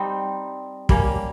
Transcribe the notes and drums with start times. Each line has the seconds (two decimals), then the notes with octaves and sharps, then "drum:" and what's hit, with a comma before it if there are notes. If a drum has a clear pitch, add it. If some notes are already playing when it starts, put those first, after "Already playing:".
Already playing: G3 C4 D#4
0.89 G3 A#3 C#4, drum: kick